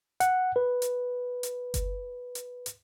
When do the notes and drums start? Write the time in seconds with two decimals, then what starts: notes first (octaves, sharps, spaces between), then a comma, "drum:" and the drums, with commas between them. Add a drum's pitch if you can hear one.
0.20 F#5, drum: hi-hat
0.56 B4
0.82 drum: hi-hat
1.43 drum: hi-hat
1.74 drum: kick F#1, hi-hat
2.35 drum: hi-hat
2.66 drum: hi-hat